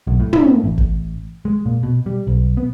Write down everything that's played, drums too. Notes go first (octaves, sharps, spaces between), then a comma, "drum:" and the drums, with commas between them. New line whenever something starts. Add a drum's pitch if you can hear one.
B1
A2
drum: tom
A1
drum: kick G#1
G#3
A#2
B2
G3
B1
B3